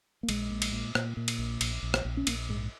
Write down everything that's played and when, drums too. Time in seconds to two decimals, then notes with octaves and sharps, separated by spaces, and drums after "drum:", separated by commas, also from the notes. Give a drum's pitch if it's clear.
0.23 A#3
0.29 A#1 G#3, drum: cymbal
0.50 A#2
0.62 drum: cymbal
0.73 A#2
0.95 A#2, drum: rim click
1.17 A#2
1.28 drum: cymbal
1.39 A#1
1.61 A#1, drum: cymbal
1.83 A#1
1.94 drum: rim click
2.05 A#1
2.17 C#4
2.27 A#1 A#3, drum: cymbal
2.49 G#2 G#3